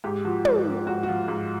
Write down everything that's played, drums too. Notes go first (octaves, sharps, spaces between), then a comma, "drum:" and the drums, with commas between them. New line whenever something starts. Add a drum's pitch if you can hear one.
G#2 G4
F3 F#4
G#2, drum: tom
F3
G#2 F#4
F#4
F3 F4
G#2